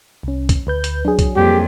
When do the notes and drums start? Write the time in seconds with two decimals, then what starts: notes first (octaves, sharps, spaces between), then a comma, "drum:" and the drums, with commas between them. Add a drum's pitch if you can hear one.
0.23 C2 C#4
0.49 drum: kick, hi-hat
0.67 D2 B4 G6
0.84 drum: hi-hat
1.05 F#3 D4 G#4
1.19 drum: kick, hi-hat
1.36 F2 G3 A#3 G4